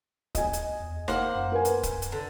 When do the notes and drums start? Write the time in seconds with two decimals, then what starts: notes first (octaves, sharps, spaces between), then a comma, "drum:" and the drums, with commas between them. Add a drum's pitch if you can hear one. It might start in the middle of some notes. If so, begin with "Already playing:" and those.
0.35 D2 D#5 G#5, drum: kick C#1, hi-hat
0.53 drum: hi-hat
0.79 E2
1.08 F#1 A#3 C5 F#5, drum: snare
1.35 F#2
1.52 A#4 B4 G#5
1.65 drum: hi-hat
1.83 drum: kick C#1, hi-hat
2.02 drum: hi-hat
2.12 D3